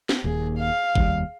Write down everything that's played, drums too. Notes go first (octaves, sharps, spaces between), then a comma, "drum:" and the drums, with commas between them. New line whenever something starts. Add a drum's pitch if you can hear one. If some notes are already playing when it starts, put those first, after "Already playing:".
drum: snare
D#1 D#2 A#3 G#4
F5
F1 D#2 G3, drum: kick